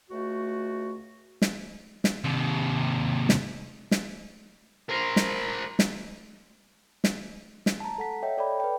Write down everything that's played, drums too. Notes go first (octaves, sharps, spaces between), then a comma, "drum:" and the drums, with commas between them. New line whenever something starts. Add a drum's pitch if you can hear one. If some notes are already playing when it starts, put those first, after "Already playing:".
C#2 A3 F#4
drum: snare
drum: snare
D#2 C3
drum: snare
drum: snare
A#4 C5
drum: snare
drum: snare
drum: snare
drum: snare
A5 A#5
A4 F#5 B6
C#5 D#5 E5 G5
A4 D5 G5 B5
B4 G5